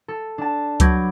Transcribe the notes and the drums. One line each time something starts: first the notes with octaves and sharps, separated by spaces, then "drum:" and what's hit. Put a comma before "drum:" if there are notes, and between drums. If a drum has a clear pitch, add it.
A4
D4 A5
F#3 B4 D6 G6 G#6 A#6, drum: kick C#2, hi-hat